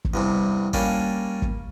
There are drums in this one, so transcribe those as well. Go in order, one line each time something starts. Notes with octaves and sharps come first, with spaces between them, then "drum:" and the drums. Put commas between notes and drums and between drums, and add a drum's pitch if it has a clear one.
drum: kick
E2 G2 C3
G3 A#3 C#4 D4, drum: kick
drum: kick